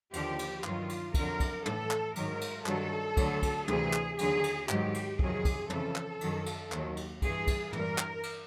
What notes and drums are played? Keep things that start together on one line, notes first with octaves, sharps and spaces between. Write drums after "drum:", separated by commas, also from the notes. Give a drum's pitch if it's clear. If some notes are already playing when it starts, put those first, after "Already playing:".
D#2 D3 F3 G4, drum: cymbal
drum: cymbal
G2 D#3 F#3 F4, drum: clap
drum: cymbal
F2 D3 F#3 A#4, drum: kick, cymbal
drum: kick, cymbal
A2 E3 A4, drum: tom
drum: clap
G#2 D#3 F#3 A#4, drum: cymbal
drum: cymbal
G2 D#3 F#3 A4, drum: clap
D2 D3 F#3, drum: kick, cymbal
drum: kick, cymbal
D2 C3 E3 G#4, drum: tom
drum: clap
D#2 D3 F#3 G#4, drum: cymbal
drum: cymbal
G#2 D#3 F#3 G4, drum: clap
drum: cymbal
F2 C3 D#3 F#3 G#4, drum: kick
drum: kick, cymbal
F2 C#3 E3 A4, drum: tom
drum: clap
F#2 D#3 F#3, drum: cymbal
drum: cymbal
D#2 D#3 F#3, drum: clap
drum: cymbal
G2 E3 G#4, drum: kick, cymbal
drum: kick, cymbal
G2 E3 A#4, drum: tom
drum: clap
drum: cymbal